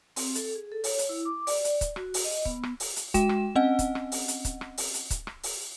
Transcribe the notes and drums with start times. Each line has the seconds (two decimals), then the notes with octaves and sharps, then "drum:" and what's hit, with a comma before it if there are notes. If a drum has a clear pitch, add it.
0.16 C4, drum: open hi-hat
0.35 A4, drum: hi-hat
0.55 G#4
0.72 A4
0.84 C#5, drum: open hi-hat
0.99 drum: hi-hat
1.09 E4
1.25 D6
1.47 D5, drum: open hi-hat
1.65 drum: hi-hat
1.81 drum: kick, hi-hat
1.96 F#4, drum: rim click
2.14 drum: open hi-hat
2.25 D#5
2.45 B3, drum: kick
2.63 drum: rim click
2.80 drum: open hi-hat
2.96 drum: hi-hat
3.14 G#3 F#4 G5 E7, drum: kick, hi-hat
3.29 drum: rim click
3.55 C4 C#4 D#5 F#5
3.79 drum: kick, hi-hat
3.95 drum: rim click
4.12 drum: open hi-hat
4.28 drum: hi-hat
4.45 drum: kick, hi-hat
4.61 drum: rim click
4.78 drum: open hi-hat
4.94 drum: hi-hat
5.10 drum: kick, hi-hat
5.27 drum: rim click
5.43 drum: open hi-hat